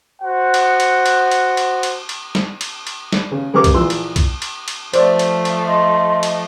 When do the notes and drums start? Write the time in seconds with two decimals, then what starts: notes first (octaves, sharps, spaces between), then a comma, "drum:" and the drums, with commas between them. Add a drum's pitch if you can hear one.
0.21 F#4 C5 F#5
0.54 drum: cymbal
0.80 drum: cymbal
1.06 drum: cymbal
1.31 drum: cymbal
1.57 drum: cymbal
1.83 drum: cymbal
2.09 drum: cymbal
2.35 drum: snare
2.61 drum: cymbal
2.87 drum: cymbal
3.12 drum: snare
3.31 C#3
3.53 C#3 G#3 G4 A#4 C#6 D6
3.64 drum: kick B1, cymbal
3.74 A#1 A#2 E3 C6 E6
3.90 drum: cymbal
4.16 drum: kick B1, cymbal
4.42 drum: cymbal
4.68 drum: cymbal
4.94 F3 A3 C5 D5, drum: cymbal
5.19 drum: cymbal
5.45 drum: cymbal
5.67 D#5 C6
6.23 drum: cymbal